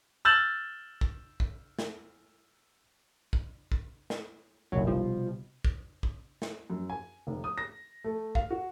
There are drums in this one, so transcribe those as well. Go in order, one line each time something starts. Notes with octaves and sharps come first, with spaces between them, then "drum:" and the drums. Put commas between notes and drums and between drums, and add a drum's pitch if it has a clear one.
E6 F6 G6 A6 E7 F#7
drum: kick
drum: kick
drum: snare
drum: kick
drum: kick
drum: snare
F#1 B1 C3 F#3
B2 F3 G3
drum: kick
drum: kick
drum: snare
F#2
G#5
F1
D#6
A#6
A3
F5, drum: kick
F#4